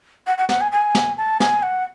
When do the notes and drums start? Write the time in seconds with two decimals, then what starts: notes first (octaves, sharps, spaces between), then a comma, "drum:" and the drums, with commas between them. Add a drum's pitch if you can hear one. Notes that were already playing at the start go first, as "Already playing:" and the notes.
0.27 F#5
0.38 F#5
0.49 F#5, drum: snare
0.61 G#5
0.72 G#5
0.95 drum: snare
1.17 A5
1.40 G#5, drum: snare
1.62 F#5